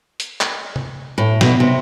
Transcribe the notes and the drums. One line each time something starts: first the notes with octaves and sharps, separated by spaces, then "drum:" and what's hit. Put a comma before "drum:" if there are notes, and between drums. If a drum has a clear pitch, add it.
drum: hi-hat
drum: clap
drum: tom C3
A2
B2, drum: snare
C3